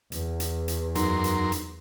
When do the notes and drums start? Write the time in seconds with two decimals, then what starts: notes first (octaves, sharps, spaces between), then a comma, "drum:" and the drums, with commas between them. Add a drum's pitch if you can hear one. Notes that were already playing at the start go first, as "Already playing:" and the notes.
0.12 E2, drum: hi-hat
0.40 drum: hi-hat
0.68 drum: hi-hat
0.95 F#2 D#4 A#4 C6, drum: hi-hat
1.24 drum: hi-hat
1.52 drum: hi-hat